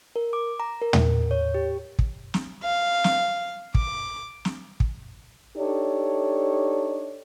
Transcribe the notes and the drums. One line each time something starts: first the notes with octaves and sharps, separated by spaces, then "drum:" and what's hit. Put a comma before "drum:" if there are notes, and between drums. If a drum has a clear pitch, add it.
A#4
D6
A#5
A#4
drum: tom
C#5
G4
drum: kick
drum: snare
F5
drum: snare
D6, drum: kick
drum: snare
drum: kick
D4 D#4 G4 A4 C#5 D5